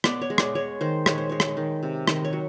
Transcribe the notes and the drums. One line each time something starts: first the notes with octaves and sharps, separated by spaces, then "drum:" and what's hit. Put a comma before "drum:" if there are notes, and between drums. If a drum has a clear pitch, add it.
B3 D5, drum: rim click
C#5
G#3
D5, drum: rim click
G#3 C#5
D#3 C5
G#3 C#5, drum: rim click
C5
G#3 C#5
drum: rim click
D#3
C3
D#3, drum: rim click
C#5
F#3